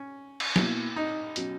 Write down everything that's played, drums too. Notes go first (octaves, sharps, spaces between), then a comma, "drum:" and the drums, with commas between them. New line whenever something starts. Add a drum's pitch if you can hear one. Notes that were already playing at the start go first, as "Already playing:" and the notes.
Already playing: C#4
drum: cymbal
B2 A#3 E4, drum: snare
D#4
B2 F#3 C#4, drum: hi-hat